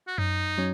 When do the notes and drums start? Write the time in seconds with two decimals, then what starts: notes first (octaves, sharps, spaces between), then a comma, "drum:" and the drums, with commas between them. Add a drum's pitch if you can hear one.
0.07 F#4
0.18 F#2 D#4, drum: tom F#2
0.58 F#3 C#4